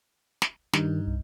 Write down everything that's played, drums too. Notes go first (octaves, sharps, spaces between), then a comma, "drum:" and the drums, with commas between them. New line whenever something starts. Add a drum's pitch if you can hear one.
drum: snare
G2 D#3 G3 D#4, drum: snare
C2